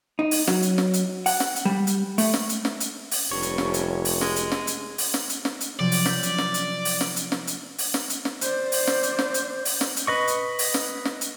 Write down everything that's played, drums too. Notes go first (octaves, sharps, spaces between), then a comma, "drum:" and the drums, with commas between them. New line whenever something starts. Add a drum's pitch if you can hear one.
D#4
drum: open hi-hat
F#3, drum: snare
drum: hi-hat
drum: snare
drum: hi-hat
F#5, drum: open hi-hat
drum: snare
drum: hi-hat
G3
drum: hi-hat
A3, drum: open hi-hat
drum: snare
drum: hi-hat
drum: snare
drum: hi-hat
drum: open hi-hat
F1 G2 C#5
drum: hi-hat
drum: snare
drum: hi-hat
drum: open hi-hat
G#3, drum: snare
drum: hi-hat
drum: snare
drum: hi-hat
drum: open hi-hat
drum: snare
drum: hi-hat
drum: snare
drum: hi-hat
C3 F3 F#3 D5
drum: open hi-hat
G6 A6 B6, drum: snare
drum: hi-hat
drum: snare
drum: hi-hat
drum: open hi-hat
drum: snare
drum: hi-hat
drum: snare
drum: hi-hat
drum: open hi-hat
drum: snare
drum: hi-hat
drum: snare
C5 D5, drum: hi-hat
drum: open hi-hat
drum: snare
drum: hi-hat
drum: snare
drum: hi-hat
drum: open hi-hat
drum: snare
drum: hi-hat
B4 D#5 C#6
drum: hi-hat
drum: open hi-hat
drum: snare
drum: snare
drum: hi-hat